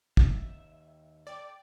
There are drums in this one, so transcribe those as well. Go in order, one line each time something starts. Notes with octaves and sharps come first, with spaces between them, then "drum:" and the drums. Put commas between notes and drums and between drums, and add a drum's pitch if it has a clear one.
D#2 E5, drum: kick
A4 D5 G5